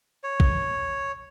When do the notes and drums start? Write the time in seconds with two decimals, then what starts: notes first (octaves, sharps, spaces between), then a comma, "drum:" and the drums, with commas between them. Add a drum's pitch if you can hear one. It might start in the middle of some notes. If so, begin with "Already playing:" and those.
0.24 C#5
0.40 drum: kick